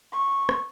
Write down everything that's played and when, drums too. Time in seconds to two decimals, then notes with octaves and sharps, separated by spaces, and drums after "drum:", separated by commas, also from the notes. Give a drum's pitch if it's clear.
0.12 C#6
0.49 drum: rim click